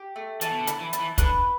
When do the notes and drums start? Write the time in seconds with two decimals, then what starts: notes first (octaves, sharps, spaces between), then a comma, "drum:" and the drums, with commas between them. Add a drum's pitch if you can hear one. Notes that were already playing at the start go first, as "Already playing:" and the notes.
Already playing: G4
0.16 A3
0.41 E3 A5, drum: hi-hat
0.51 B2
0.60 D3
0.67 E4, drum: hi-hat
0.80 E3
0.93 A5, drum: hi-hat
1.00 E3
1.18 D3 B4, drum: kick, hi-hat